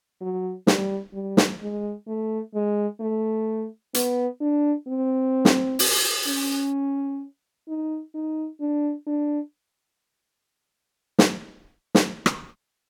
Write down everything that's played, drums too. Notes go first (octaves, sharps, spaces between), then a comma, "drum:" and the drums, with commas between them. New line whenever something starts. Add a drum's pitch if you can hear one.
F#3
G3, drum: snare
G3
drum: snare
G#3
A3
G#3
A3
B3, drum: hi-hat
D4
C4
drum: snare
drum: open hi-hat
C#4
D#4
D#4
D4
D4
drum: snare
drum: snare
drum: rim click